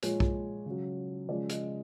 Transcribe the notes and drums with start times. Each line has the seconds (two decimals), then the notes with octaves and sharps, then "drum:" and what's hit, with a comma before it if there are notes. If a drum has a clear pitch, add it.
0.03 A#2 F3 G#3 C#5, drum: hi-hat
0.20 drum: kick B1
0.66 C#3 F#3
1.28 C#3 F3 G#3 D5
1.50 D#5, drum: hi-hat